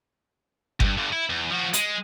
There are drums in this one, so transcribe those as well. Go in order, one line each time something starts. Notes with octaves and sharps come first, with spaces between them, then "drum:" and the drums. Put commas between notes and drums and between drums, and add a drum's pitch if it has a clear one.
C#2 G2, drum: kick G1
G2 D3
E4
E2
F3 F#4
G#3, drum: hi-hat